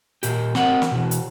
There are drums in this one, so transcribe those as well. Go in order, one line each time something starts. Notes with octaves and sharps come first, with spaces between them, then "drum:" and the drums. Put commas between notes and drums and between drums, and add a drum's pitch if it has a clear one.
A#2 G4, drum: hi-hat
C4 A#4 D#5 F#5, drum: snare
drum: snare
B2 E3
drum: hi-hat